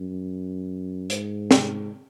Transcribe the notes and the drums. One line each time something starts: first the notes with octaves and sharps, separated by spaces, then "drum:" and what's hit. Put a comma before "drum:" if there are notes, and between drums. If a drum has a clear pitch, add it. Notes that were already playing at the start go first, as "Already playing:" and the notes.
Already playing: F#2
G#2, drum: hi-hat
drum: snare